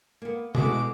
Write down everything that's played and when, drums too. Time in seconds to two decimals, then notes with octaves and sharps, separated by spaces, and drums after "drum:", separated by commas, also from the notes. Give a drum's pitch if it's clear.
0.22 A#3 B3
0.55 B2 G#3 A3 E4 F#4 D6, drum: tom B2